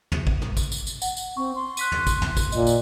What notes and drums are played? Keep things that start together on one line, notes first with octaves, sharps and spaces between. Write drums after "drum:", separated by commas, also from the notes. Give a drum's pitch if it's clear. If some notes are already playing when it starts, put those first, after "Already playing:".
drum: tom
drum: kick
drum: tom
drum: kick, tambourine
drum: tambourine
drum: tambourine
F#5, drum: tambourine
drum: tambourine
C4 C#6
C6
F#6 B6 D#7, drum: tambourine
drum: tom
drum: kick, tambourine
drum: tom
drum: kick, tambourine
A#2 D#5, drum: tambourine
drum: tambourine